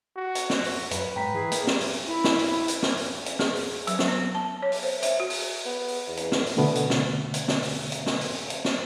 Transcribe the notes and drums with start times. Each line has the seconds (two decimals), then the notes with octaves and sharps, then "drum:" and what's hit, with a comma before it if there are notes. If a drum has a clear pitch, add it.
0.16 F#4
0.35 drum: hi-hat
0.50 drum: snare
0.64 drum: open hi-hat
0.91 F#2 B4, drum: hi-hat
1.16 G#2 G5 A#5 B6
1.34 E3 G#4
1.52 A#3, drum: hi-hat
1.67 G3 C#4, drum: snare
1.81 drum: open hi-hat
2.06 E4
2.24 drum: snare
2.39 drum: open hi-hat
2.68 drum: hi-hat
2.83 drum: snare
2.97 drum: open hi-hat
3.26 drum: hi-hat
3.39 G#4, drum: snare
3.55 drum: open hi-hat
3.87 F#3, drum: hi-hat
3.99 drum: snare
4.08 B3
4.35 A5
4.62 C#5
4.72 drum: open hi-hat
4.83 C5
5.03 E5, drum: hi-hat
5.20 F#4
5.30 drum: open hi-hat
5.66 B3
5.88 drum: open hi-hat
6.08 E2
6.17 drum: hi-hat
6.32 drum: snare
6.46 drum: open hi-hat
6.57 B2 D3 A3 B3
6.75 drum: hi-hat
6.90 drum: snare
7.34 drum: hi-hat
7.48 drum: snare
7.63 drum: open hi-hat
7.92 drum: hi-hat
8.06 drum: snare
8.21 drum: open hi-hat
8.50 drum: hi-hat
8.65 drum: snare